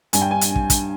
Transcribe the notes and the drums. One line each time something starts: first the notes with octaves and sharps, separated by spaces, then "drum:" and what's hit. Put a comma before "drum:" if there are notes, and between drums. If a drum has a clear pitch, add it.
G2 G#5, drum: hi-hat
G5
G#5
drum: hi-hat
drum: kick
drum: kick, hi-hat